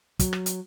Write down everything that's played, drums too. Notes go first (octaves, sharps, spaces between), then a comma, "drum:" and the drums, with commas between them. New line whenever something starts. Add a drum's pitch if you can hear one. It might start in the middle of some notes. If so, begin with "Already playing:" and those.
F#3, drum: kick, hi-hat
drum: rim click
drum: hi-hat